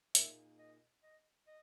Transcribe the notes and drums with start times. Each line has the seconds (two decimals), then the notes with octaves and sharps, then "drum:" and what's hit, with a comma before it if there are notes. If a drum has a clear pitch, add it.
0.15 A#2 A#3 D#4 G#4 E5, drum: hi-hat
0.59 D#5
1.03 D#5
1.47 D#5